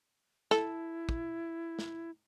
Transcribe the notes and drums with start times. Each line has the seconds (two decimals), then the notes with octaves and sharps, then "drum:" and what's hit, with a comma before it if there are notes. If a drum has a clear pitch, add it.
0.51 E4 A4, drum: snare
1.09 drum: kick
1.79 drum: snare